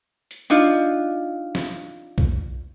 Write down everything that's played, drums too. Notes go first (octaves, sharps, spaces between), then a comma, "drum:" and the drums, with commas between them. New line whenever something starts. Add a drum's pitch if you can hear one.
drum: hi-hat
D4 D#4 F4, drum: hi-hat
drum: snare
drum: kick B1